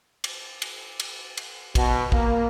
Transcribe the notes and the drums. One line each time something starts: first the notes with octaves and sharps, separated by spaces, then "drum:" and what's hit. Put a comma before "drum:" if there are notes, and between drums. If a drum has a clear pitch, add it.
drum: cymbal
drum: cymbal
drum: cymbal
drum: cymbal
B2, drum: kick, cymbal
A#3, drum: kick